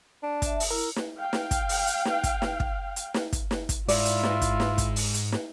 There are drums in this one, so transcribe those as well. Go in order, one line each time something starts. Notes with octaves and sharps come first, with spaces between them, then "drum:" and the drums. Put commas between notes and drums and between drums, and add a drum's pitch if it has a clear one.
D4
E5 A5, drum: kick, hi-hat
drum: open hi-hat
E4 A#4
drum: snare
F5 G5
drum: snare
drum: kick, hi-hat
drum: open hi-hat
drum: hi-hat
drum: snare
drum: kick, hi-hat
drum: snare
drum: kick
drum: hi-hat
drum: snare
drum: kick, hi-hat
drum: snare
drum: kick, hi-hat
G#2 E4 F4 D5, drum: open hi-hat
drum: hi-hat
drum: snare
drum: kick, hi-hat
drum: snare
drum: kick, hi-hat
drum: open hi-hat
drum: hi-hat
drum: snare